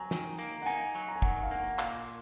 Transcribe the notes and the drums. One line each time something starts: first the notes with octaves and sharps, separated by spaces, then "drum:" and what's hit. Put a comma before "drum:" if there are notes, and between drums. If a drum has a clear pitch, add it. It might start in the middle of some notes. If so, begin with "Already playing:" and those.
Already playing: F#3 G#5 A#5
D#3, drum: snare
A#3
F#5
D#4 G#5
F#3
A#5
G#5
D#3 F#5, drum: kick
F5
A#3 F#5
A#2 F5, drum: clap